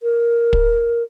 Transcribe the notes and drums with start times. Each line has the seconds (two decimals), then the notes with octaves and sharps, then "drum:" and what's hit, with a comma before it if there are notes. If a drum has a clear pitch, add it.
0.03 A#4
0.53 drum: kick